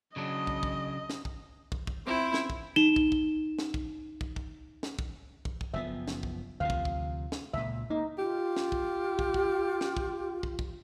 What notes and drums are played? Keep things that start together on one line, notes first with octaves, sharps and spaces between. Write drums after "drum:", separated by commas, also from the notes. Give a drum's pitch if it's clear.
C#3 F#3 D4 D#5
drum: kick
drum: kick
drum: snare
drum: kick
drum: kick
drum: kick
C4 E4
drum: snare
drum: kick
D#4 E7 G7
drum: kick
drum: kick
drum: snare
drum: kick
drum: kick
drum: kick
drum: snare
drum: kick
drum: kick
drum: kick
F#1 F3 B3 E5
drum: snare
drum: kick
D2 C3 F3 F5
drum: kick
drum: kick
drum: snare
C#2 A#2 E5
A#3 D#4
F4 G4
drum: snare
drum: kick
drum: kick
drum: kick
drum: snare
drum: kick
drum: kick
drum: kick